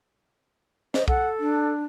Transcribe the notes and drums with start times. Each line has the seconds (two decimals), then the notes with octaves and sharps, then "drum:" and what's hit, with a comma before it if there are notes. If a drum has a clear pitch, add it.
0.94 C5 D#5, drum: snare
1.08 A4 F#5, drum: kick
1.39 D4